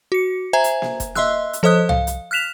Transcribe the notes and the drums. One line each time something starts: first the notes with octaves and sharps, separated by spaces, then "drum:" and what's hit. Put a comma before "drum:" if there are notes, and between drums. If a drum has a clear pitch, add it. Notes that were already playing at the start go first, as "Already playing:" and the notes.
F#4 C#7
C5 E5 G#5 A#5 G#6
drum: hi-hat
drum: snare A#3
drum: kick F1, hi-hat
D#5 E5 C6 E6 F#6, drum: snare A#3
drum: hi-hat
F3 A4 C5 D#5 D#6 F#6
F5, drum: tom C2
drum: hi-hat
F6 F#6 B6 E7 F7